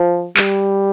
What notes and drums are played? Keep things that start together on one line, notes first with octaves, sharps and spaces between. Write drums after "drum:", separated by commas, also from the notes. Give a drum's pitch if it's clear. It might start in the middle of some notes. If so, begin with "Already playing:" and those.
Already playing: F3
G3, drum: clap